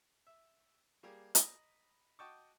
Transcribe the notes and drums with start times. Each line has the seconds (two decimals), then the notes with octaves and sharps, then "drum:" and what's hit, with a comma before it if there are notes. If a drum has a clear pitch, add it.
0.27 E5
1.03 G3 A#3 G4 G#4
1.35 D#5 A#5 B5, drum: hi-hat
2.19 F#4 D#5 G5 A5 C#6 D6